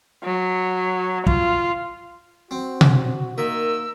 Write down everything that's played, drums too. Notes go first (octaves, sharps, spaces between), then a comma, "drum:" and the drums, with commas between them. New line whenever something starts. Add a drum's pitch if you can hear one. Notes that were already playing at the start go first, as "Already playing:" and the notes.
F#3
F4, drum: kick
C4 F#4
drum: tom B2
D#3 A#3 E5 E6